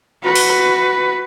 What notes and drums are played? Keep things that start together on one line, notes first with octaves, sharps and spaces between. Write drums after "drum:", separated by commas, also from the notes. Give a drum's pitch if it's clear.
F#4 B4
drum: open hi-hat